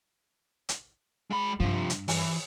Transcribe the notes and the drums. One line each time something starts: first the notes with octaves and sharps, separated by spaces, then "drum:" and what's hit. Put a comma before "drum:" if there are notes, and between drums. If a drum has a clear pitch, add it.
drum: hi-hat
G#3 B5
G2 C3 F3 D4
drum: hi-hat
E3, drum: open hi-hat